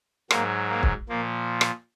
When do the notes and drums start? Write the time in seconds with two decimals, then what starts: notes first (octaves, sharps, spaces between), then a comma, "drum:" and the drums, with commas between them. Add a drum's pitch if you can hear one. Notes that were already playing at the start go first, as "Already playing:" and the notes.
0.31 G#2 F#3 A#3, drum: rim click
0.70 A#3
0.83 drum: kick
1.09 A#2 F3 A#3
1.61 drum: rim click